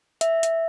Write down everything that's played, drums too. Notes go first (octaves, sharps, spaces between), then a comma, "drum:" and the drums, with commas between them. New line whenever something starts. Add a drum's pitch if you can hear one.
E5, drum: hi-hat
drum: hi-hat